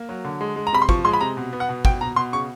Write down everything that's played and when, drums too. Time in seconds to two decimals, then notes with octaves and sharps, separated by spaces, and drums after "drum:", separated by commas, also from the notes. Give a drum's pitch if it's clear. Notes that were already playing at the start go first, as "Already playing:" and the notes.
Already playing: A#3
0.09 F#3
0.25 D3
0.41 G#3
0.56 G#3
0.67 A#5
0.73 C3 B5
0.82 C6
0.89 F3 C#6, drum: kick
1.05 G#3 C6
1.13 B5
1.21 C3 A#5
1.37 B2
1.53 B3
1.60 F#5
1.69 B2
1.85 B2 G5, drum: kick
2.01 B2 A#5
2.16 B2 C6
2.33 C#3 C#6